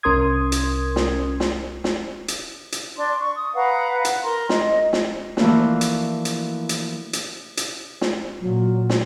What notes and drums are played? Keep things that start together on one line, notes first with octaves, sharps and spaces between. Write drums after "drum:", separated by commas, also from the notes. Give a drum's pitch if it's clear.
C2 C#4 A#4 C6 D#6 G#6
drum: hi-hat
drum: snare
drum: snare
drum: snare
drum: hi-hat
drum: hi-hat
D4 C6
C#6
D#6
B4 F5 F#5 A#5
drum: hi-hat
A#4 A#5 C6
D#5, drum: snare
drum: snare
E3 F3 A3 A#3 D4 F#4, drum: snare
drum: hi-hat
drum: hi-hat
drum: hi-hat
drum: hi-hat
drum: hi-hat
drum: snare
A#2 F#3
drum: snare